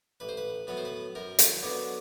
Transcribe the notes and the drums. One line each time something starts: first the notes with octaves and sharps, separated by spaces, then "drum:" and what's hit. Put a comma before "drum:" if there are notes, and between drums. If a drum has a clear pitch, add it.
A1 B4
C5
B4
A2 F#3 B3 B4
C5
B4
F#2 A#4
drum: hi-hat
D3 F#3 B3